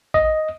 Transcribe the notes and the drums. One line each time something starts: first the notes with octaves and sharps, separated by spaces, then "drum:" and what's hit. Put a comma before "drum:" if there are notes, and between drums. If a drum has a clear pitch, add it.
D#5, drum: kick A1